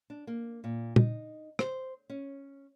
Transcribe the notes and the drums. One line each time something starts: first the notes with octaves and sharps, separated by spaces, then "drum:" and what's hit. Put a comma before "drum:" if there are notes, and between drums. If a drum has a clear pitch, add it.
D4
A#3
A#2
D#4, drum: tom A#2
C5, drum: rim click
C#4